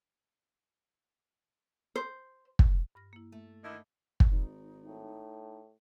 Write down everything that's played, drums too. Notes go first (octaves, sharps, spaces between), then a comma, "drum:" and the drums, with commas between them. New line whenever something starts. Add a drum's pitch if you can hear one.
C5
drum: kick
G2 F6 A#6
A#3 E4
A3
D3 D#3 E4 A5 B5 D6
drum: kick
G#1 D#4
A2